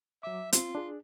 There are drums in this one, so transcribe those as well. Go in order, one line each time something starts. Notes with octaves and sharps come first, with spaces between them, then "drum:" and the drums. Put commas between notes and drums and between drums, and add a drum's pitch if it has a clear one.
F#3 E5 D6
C4 F4, drum: hi-hat
D4 G#4